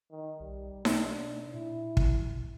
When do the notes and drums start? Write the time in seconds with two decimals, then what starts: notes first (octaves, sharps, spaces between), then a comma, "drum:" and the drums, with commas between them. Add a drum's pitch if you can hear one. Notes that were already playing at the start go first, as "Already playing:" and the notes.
0.11 D#3
0.40 B1 G3
0.85 B2 D4, drum: snare D#4
1.54 A#2 E4
1.97 drum: kick